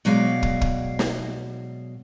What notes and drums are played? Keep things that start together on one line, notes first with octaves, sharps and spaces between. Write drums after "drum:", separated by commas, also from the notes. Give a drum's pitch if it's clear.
B2 F#3 G#3 D5 F5
drum: kick
drum: kick
drum: snare